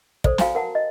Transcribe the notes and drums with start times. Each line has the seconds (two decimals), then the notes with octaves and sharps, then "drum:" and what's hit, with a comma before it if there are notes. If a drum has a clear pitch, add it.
0.24 A4 C5 D5, drum: kick
0.38 F#4 F5 G5 G#5 A#5, drum: snare
0.55 A#4 F#5 A5
0.75 D#5